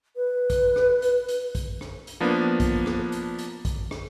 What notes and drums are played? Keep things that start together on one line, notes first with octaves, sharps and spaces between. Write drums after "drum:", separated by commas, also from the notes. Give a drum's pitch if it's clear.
B4
drum: kick, hi-hat
drum: rim click
drum: hi-hat
drum: hi-hat
drum: kick, hi-hat
drum: rim click
drum: hi-hat
F3 A#3 B3 D4
drum: kick, hi-hat
drum: rim click
drum: hi-hat
drum: hi-hat
drum: kick, hi-hat
drum: rim click